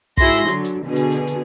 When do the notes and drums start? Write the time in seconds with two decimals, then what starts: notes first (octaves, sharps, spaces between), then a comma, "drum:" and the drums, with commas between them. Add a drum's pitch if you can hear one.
0.17 G#2 E4 F#4 G#4 C6 A#6, drum: kick, hi-hat
0.33 drum: hi-hat
0.48 D3 F#3, drum: hi-hat
0.64 drum: hi-hat
0.85 B2 D3 G#4
0.96 drum: hi-hat
1.12 drum: hi-hat
1.27 drum: hi-hat